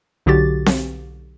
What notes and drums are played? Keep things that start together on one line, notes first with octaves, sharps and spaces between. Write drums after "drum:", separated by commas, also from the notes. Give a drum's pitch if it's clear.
B1 D3 F#4 G4 A6
drum: snare C4